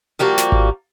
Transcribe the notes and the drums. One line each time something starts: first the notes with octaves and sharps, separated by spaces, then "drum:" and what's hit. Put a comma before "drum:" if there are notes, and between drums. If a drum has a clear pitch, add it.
F3 G3 A#3 F#4
drum: snare
drum: kick G#1